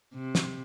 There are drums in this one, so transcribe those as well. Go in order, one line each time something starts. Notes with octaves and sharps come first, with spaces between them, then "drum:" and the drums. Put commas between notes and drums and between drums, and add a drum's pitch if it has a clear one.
C3
drum: snare